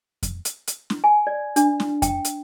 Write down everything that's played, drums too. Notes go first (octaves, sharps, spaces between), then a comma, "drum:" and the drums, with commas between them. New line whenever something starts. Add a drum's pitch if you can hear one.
drum: kick F2, hi-hat
drum: hi-hat
drum: hi-hat
drum: snare
G#5
D5
D4, drum: hi-hat
drum: snare
G5, drum: kick F2, hi-hat
drum: hi-hat